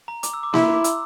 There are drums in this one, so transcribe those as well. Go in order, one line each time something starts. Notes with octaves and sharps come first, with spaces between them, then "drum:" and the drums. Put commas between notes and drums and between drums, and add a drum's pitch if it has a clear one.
A#5
D6, drum: hi-hat
E6
D6
E4 C6, drum: snare A#3
A#5
D6
E6, drum: hi-hat